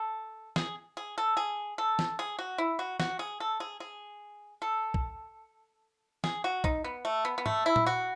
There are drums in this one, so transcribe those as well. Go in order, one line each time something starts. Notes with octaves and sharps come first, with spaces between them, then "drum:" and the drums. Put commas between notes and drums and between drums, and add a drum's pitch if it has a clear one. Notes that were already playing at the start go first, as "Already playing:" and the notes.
Already playing: A4
G#4, drum: snare
G#4
A4
G#4
A4
drum: snare
G#4
F#4
E4
F#4
F#4, drum: snare
G#4
A4
G#4
G#4
A4
drum: kick
G#4, drum: snare
F#4
D#4, drum: kick
B3
A3
B3
B3
A3, drum: tom
E4
drum: tom A#2
F#4